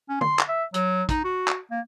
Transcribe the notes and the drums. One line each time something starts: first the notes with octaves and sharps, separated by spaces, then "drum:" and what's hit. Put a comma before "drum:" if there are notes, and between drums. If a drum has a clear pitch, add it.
C#4
C6, drum: tom D3
drum: clap
E5
F#3, drum: hi-hat
D#4, drum: kick, hi-hat
F#4
drum: clap
A#3